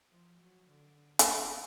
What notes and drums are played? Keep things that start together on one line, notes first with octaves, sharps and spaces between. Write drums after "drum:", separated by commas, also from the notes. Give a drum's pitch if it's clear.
F3
F#3
D3
drum: hi-hat